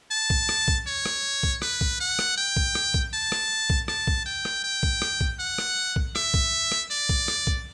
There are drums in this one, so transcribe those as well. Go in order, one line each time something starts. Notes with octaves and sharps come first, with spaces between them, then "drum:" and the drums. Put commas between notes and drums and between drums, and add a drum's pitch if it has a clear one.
A5
drum: kick
drum: rim click
drum: kick
C#5
drum: rim click
drum: kick
B4, drum: rim click
drum: kick
F#5
drum: rim click
G5
drum: kick
drum: rim click
drum: kick
A5
drum: rim click
drum: kick
A5, drum: rim click
drum: kick
G5
drum: rim click
G5
drum: kick
drum: rim click
drum: kick
F#5
drum: rim click
drum: kick
E5, drum: rim click
drum: kick
drum: rim click
D5
drum: kick
drum: rim click
drum: kick